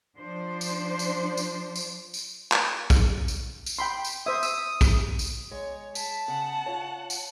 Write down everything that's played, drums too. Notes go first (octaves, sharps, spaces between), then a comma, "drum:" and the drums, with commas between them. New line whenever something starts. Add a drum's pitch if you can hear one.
F3 D4 C5
drum: tambourine
drum: tambourine
drum: tambourine
drum: tambourine
drum: tambourine
drum: clap
drum: kick, tambourine
drum: tambourine
drum: tambourine
G5 B5 C6
drum: tambourine
C5 E5 D#6
E6, drum: tambourine
drum: kick, tambourine
drum: tambourine
G#3 C#5
A5 B6, drum: tambourine
C#3 F#5
F4 C#5
drum: tambourine